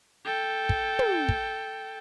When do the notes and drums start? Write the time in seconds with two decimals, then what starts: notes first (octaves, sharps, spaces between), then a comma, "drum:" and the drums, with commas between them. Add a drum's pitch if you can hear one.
0.25 A4 G5
0.69 drum: kick
0.99 drum: tom
1.29 drum: kick